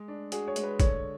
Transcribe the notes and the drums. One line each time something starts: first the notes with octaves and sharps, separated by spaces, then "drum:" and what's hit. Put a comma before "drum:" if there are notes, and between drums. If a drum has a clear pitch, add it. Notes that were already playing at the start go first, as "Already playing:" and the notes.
Already playing: G#3
D4
F#4 G#4, drum: hi-hat
C#5
G#3, drum: hi-hat
B4
D3 C#5, drum: kick, hi-hat